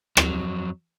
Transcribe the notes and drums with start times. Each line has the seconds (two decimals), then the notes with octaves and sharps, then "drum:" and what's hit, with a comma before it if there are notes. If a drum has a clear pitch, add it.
0.17 F2 F#3, drum: rim click